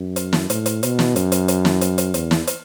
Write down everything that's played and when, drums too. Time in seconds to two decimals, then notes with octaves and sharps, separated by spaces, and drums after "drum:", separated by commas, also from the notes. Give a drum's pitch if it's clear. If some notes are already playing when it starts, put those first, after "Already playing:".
Already playing: F#2
0.16 drum: hi-hat
0.33 drum: snare
0.50 A2, drum: hi-hat
0.66 drum: hi-hat
0.83 B2, drum: hi-hat
0.99 drum: snare
1.16 F#2, drum: hi-hat
1.32 drum: hi-hat
1.48 drum: hi-hat
1.65 drum: snare
1.81 drum: hi-hat
1.98 drum: hi-hat
2.14 E2, drum: hi-hat
2.31 drum: snare
2.47 drum: hi-hat